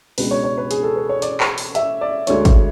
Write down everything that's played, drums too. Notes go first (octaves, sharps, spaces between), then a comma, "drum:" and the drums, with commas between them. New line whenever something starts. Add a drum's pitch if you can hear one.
C#2 B2 G#3 D4 B4, drum: open hi-hat
C#5
C#5
B4
G#4, drum: hi-hat
A4
B4
C#5
D5, drum: hi-hat
drum: clap
drum: open hi-hat
E5, drum: hi-hat
D5
D2 D3 G#3 D4 C#5, drum: hi-hat
drum: kick, hi-hat